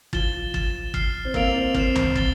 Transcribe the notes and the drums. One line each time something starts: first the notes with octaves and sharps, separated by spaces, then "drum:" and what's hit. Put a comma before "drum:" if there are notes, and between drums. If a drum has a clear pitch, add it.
F3 A6 E7 G7, drum: kick
A6 E7 G7, drum: kick
F6 C7 G7, drum: kick
C4
A#3 E6 A6 D7 F7, drum: kick
C4
C4 F6 C7 E7, drum: kick
drum: tom C#2
A6 C7 G7, drum: kick